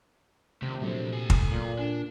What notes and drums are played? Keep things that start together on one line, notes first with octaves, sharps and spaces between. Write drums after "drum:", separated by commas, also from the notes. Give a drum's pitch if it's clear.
C3 D#3 A3
A#2 F3 F#3 A3 D4
A4 G#5
drum: kick
A#2
D4 G#5